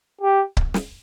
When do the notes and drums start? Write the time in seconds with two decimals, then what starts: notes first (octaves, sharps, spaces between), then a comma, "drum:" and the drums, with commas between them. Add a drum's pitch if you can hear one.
0.21 G4
0.57 drum: kick C#1
0.74 drum: snare